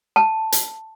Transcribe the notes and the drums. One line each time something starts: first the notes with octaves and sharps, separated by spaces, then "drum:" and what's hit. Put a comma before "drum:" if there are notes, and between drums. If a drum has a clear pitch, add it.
A5
drum: hi-hat